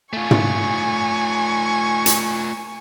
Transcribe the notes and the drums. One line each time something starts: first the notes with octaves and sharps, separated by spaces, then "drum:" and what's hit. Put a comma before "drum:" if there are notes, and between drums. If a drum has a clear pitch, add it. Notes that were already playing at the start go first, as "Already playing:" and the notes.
A3 F4 G#5 C#6
drum: tom
drum: hi-hat